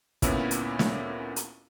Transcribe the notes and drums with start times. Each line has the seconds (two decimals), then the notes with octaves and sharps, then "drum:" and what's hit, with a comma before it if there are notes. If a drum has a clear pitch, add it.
0.22 D2 A#2 B3 C#4 E4, drum: kick, hi-hat
0.51 drum: hi-hat
0.79 drum: snare
1.36 drum: hi-hat